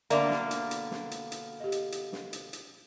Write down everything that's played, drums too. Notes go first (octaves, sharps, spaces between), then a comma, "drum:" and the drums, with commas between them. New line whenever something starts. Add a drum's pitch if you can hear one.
B2 D3 A#3 D5 E5 A#5, drum: hi-hat
drum: snare
drum: hi-hat
drum: hi-hat
drum: snare
drum: hi-hat
drum: hi-hat
G4 D#5
drum: hi-hat
drum: hi-hat
drum: snare
drum: hi-hat
drum: hi-hat